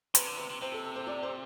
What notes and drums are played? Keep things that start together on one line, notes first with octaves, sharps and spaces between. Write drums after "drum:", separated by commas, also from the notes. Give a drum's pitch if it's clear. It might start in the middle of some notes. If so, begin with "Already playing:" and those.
C3 B4, drum: hi-hat
D3
C3 B4
C3
C3 C5
A4
C5
D5
C5